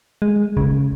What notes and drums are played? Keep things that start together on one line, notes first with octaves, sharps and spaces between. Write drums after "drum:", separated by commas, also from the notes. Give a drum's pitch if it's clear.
G#3
C#3, drum: kick F1